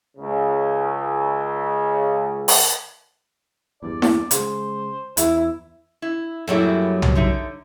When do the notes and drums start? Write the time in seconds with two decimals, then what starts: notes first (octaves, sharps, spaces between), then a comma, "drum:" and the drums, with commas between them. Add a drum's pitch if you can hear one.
0.18 C#2 C#3
2.48 drum: open hi-hat
3.83 E2 G2 D5
4.02 drum: snare E4
4.31 C#3 G#3 C5, drum: hi-hat
5.17 E2 E4, drum: hi-hat
6.02 E4
6.47 F#2 F#3 G3 A3 A#3 E4
7.02 drum: tom B1
7.15 D3 D#4 E5